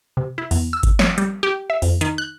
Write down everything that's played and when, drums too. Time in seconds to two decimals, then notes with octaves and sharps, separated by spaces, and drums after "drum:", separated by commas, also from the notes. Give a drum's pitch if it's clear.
0.17 C3
0.38 E4
0.51 E2, drum: open hi-hat
0.73 E6
0.83 drum: kick G1, hi-hat
0.99 C#5, drum: snare
1.18 G3, drum: hi-hat
1.43 G4
1.70 E5
1.82 F2, drum: open hi-hat
2.01 D#3, drum: hi-hat
2.18 F#6